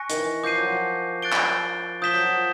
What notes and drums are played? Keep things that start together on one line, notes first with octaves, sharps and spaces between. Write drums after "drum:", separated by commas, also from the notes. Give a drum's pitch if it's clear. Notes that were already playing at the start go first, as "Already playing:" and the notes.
Already playing: G#5 C#6 F#6 A#6 C#7
D#3, drum: hi-hat
E3
F3 D6 G6 C7 D#7
F#3
F3
F#6 A6 D7 G7
drum: clap
F3 D#6 G6 B6 E7 G7
F#3
F3